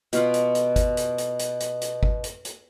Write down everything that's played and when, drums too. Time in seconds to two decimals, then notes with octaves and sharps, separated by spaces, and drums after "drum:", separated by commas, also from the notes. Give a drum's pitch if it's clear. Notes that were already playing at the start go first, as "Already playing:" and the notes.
0.13 B2 F4 F#5, drum: hi-hat
0.34 drum: hi-hat
0.55 drum: hi-hat
0.76 drum: kick, hi-hat
0.97 drum: hi-hat
1.18 drum: hi-hat
1.39 drum: hi-hat
1.60 drum: hi-hat
1.82 drum: hi-hat
2.03 drum: kick
2.24 drum: hi-hat
2.45 drum: hi-hat